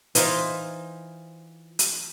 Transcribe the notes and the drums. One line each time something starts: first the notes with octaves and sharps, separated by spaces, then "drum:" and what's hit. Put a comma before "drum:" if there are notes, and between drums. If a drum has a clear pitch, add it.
E3 D#4 F4 C5, drum: hi-hat
drum: hi-hat